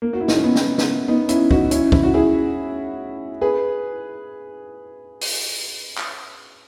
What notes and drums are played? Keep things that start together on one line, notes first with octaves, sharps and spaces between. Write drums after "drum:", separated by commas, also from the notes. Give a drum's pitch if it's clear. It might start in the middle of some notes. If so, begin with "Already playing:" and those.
A#3
F#4
E4
D#4, drum: snare
C#4
B3
drum: snare
drum: snare
B3 D#4
C#4 E4, drum: hi-hat
D#4 F#4, drum: kick
C#4 E4, drum: hi-hat
E4, drum: kick
F#4
E4 G#4
G#4 B4
drum: open hi-hat
drum: clap